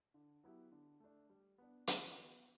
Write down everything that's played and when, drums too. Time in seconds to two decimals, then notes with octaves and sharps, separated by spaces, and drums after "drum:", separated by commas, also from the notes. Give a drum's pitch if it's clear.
0.14 D3
0.43 F#3 B3 E4 G4
0.72 D3
1.00 A3 D4
1.30 G3
1.58 B3 D4
1.87 E3, drum: hi-hat
2.16 B3 F#4 B4